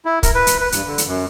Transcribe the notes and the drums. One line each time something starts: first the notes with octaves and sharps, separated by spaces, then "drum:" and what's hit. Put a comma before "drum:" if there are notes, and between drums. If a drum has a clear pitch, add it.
E4
A#4, drum: kick, hi-hat
B4
drum: hi-hat
B4
G2, drum: hi-hat
D3
drum: hi-hat
F#2